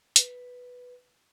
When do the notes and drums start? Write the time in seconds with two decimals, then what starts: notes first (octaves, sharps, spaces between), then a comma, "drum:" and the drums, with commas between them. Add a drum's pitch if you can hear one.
0.16 B4, drum: hi-hat